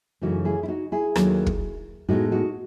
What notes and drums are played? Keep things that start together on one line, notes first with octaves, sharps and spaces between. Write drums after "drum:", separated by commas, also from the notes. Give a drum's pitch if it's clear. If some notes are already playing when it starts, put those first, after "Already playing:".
F#2 C#3 E3 A3 D#4 F#4
E4 G#4
E4
D#4 F#4
E4 G#4
D#2 D#3 F#3 A3, drum: rim click
drum: kick
A2 G#3 B3 D#4 F#4
D#4 F#4